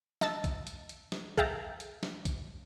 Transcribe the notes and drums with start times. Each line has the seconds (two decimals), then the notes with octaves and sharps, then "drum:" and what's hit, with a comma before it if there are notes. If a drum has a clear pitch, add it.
0.21 D#5 A5 E6 A6, drum: snare
0.44 drum: kick B1, hi-hat
0.67 drum: hi-hat
0.89 drum: hi-hat
1.12 drum: snare
1.37 G#4 E5 F5 G5 A5 A#5, drum: kick B1
1.80 drum: hi-hat
2.03 drum: snare
2.25 drum: kick B1, hi-hat